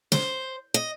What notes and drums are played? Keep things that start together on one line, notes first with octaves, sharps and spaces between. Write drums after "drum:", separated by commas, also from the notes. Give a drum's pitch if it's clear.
C5, drum: snare
D#5